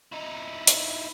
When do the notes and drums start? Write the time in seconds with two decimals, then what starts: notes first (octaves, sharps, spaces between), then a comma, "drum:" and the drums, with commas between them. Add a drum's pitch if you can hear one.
0.12 D#4 E4
0.67 drum: hi-hat